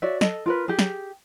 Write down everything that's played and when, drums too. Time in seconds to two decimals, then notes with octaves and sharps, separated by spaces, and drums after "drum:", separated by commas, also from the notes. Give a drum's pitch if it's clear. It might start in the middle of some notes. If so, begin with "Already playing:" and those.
0.02 F#4 C#5 D5 E5
0.21 A4 D#5, drum: snare
0.46 F4 A#4 B4
0.68 G4 G#4
0.79 drum: snare